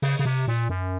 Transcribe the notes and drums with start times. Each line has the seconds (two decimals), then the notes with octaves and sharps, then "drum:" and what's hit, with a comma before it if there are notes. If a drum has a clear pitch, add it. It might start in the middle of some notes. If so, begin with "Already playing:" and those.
0.02 C#3, drum: open hi-hat
0.19 C#3
0.25 C3
0.48 A#2
0.69 F#2